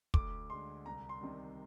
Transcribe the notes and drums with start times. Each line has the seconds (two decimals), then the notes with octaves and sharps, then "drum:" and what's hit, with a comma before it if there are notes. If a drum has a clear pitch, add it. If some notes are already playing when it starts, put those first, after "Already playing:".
0.14 D2 D6, drum: kick
0.50 D3 G#3 C6
0.86 C2 A#5
1.09 C6
1.21 C3 D#3 G3